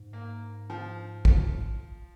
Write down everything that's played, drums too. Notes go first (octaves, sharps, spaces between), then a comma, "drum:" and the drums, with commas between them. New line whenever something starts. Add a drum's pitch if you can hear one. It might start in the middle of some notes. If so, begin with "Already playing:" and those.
Already playing: G#2
A#3
F3
drum: kick